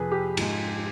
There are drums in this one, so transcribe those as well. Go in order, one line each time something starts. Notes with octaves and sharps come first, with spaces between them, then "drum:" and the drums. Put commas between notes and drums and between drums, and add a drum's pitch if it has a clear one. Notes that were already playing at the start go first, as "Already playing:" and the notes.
Already playing: F2 C3 F3 G#4 B4
G4
G#2 F3 G#3, drum: cymbal